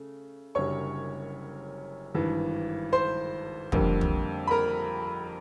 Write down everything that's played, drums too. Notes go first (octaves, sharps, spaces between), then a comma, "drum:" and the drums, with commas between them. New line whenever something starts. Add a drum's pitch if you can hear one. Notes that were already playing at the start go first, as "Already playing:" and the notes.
Already playing: C#3 A3
F#1 F#2 D3 G3 C#5 C#6
G#1 G2 E3
C5 C6
F2 D3 G3 A#3, drum: kick
drum: tom
B5
A#4 A#5